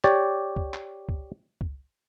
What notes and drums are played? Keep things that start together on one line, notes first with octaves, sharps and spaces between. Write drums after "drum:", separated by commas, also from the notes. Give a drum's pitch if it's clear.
G4 C#5 D5, drum: clap
drum: kick
drum: clap
drum: kick
drum: kick